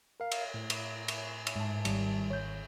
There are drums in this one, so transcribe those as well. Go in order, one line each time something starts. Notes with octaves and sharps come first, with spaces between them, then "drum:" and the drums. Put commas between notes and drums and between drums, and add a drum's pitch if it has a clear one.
A#4 F5
drum: cymbal
A2
drum: cymbal
drum: cymbal
drum: cymbal
G#2 A5
G#1 D#3 G3, drum: cymbal
G#1 C#5 G6